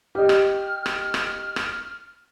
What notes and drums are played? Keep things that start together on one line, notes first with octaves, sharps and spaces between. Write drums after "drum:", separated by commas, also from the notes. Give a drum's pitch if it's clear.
G4 D#5 F6
drum: rim click
drum: rim click
drum: rim click
drum: rim click